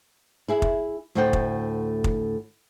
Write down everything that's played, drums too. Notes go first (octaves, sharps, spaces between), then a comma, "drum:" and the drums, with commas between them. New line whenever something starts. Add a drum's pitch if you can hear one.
E4 G#4 E5
drum: kick
D2 A2 A4 C5 F#5 G5
drum: kick
drum: kick